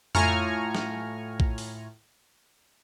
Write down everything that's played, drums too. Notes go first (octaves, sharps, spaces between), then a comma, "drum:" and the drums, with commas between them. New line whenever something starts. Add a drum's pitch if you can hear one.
A2 F4 G#5 A#5 C#6 F6, drum: tom F2
drum: snare
drum: kick A#1
drum: open hi-hat